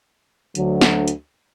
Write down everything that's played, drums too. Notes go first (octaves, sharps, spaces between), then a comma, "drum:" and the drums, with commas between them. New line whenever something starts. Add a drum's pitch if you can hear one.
D2 D3 F#3, drum: hi-hat
drum: snare
drum: hi-hat